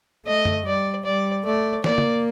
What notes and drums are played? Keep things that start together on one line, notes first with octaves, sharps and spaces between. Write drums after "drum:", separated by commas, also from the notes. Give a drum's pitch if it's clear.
A3 D#5
drum: tom F#2
G3 D5
G3 D5
A3 D5
A#3 D5, drum: snare
drum: tom